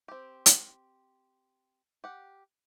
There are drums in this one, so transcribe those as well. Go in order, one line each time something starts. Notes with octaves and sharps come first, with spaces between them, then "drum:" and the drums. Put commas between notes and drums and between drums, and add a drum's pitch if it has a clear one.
C4 G4
drum: hi-hat
G4 F#5